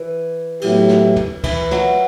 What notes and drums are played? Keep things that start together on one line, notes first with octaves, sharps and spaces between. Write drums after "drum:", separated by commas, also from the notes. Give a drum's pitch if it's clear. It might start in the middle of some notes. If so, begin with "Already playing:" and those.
Already playing: E3
A2 F#3 B3 E4 G4, drum: cymbal
drum: snare
drum: tom E2
E3, drum: kick C#2, cymbal
F#3, drum: snare